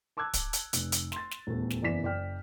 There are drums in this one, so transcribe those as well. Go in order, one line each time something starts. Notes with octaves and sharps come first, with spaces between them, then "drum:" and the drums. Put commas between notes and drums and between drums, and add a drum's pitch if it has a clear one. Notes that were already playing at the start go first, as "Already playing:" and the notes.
A5 D6 E6 F#6 G#6
drum: kick, hi-hat
drum: hi-hat
F1, drum: hi-hat
drum: hi-hat
C6 A6, drum: snare
drum: snare
D#1 E2 A3
drum: snare
F#1 E2 E3 D5 B6 E7
F#1 D5 G5 F6